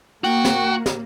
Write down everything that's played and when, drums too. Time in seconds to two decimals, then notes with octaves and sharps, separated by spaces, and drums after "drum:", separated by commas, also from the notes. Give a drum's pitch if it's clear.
0.24 A#3 F#4 G5
0.45 drum: snare
0.86 drum: snare